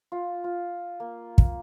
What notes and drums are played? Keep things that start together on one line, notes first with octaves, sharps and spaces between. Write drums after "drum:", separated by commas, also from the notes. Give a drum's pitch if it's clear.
F4
F4
A#3
drum: kick